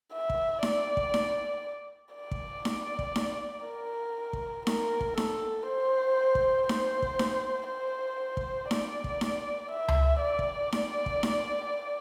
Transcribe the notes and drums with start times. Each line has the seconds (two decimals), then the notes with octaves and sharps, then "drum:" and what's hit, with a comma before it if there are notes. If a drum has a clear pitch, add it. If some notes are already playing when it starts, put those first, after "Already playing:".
0.12 E5
0.30 drum: kick
0.63 D5, drum: snare D#4
0.97 drum: kick
1.14 drum: snare D#4
2.15 D5
2.31 drum: kick
2.65 drum: snare D#4
2.99 drum: kick
3.16 drum: snare D#4
3.67 A#4
4.33 drum: kick
4.67 A#4, drum: snare D#4
5.01 drum: kick
5.17 A4, drum: snare D#4
5.68 C5
6.35 drum: kick
6.69 C5, drum: snare D#4
7.02 drum: kick
7.19 drum: snare D#4
7.69 C5
8.37 drum: kick
8.71 D5, drum: snare D#4
9.04 drum: kick
9.21 drum: snare D#4
9.72 E5
9.88 drum: tom C#2
10.23 D5
10.39 drum: kick
10.72 drum: snare D#4
11.06 drum: kick
11.23 drum: snare D#4